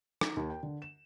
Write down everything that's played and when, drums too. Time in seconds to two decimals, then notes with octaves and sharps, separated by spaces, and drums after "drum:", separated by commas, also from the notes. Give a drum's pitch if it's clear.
0.21 D#4, drum: rim click
0.37 D#2
0.50 G5
0.63 D3
0.82 E7